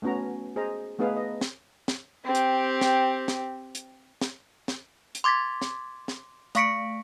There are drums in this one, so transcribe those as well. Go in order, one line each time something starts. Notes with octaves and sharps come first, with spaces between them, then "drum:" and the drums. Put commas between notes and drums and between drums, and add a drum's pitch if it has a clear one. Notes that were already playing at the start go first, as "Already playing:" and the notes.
A3 B3 C#4 F#4 A#5
G#4 C5 D#5 A#5
A3 B3 D#4 G#4 B4 F5
D#5
drum: snare
drum: snare
C4 G4
drum: hi-hat
drum: snare
drum: snare
drum: hi-hat
drum: snare
drum: snare
drum: hi-hat
C6 D6 G#6 A6 B6
drum: snare
drum: snare
A3 F5 C#6 B6 C#7 D7, drum: hi-hat